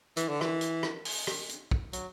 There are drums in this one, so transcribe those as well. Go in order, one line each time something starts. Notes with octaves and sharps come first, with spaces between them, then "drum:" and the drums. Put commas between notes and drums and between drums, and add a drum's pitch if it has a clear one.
E3, drum: hi-hat
D3
E3, drum: rim click
drum: hi-hat
drum: rim click
drum: open hi-hat
drum: rim click
drum: hi-hat
drum: kick
F#3, drum: hi-hat